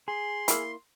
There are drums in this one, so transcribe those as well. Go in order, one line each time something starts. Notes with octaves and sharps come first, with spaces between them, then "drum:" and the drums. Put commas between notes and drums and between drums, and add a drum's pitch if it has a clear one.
G#4 C6
A#3 E4, drum: hi-hat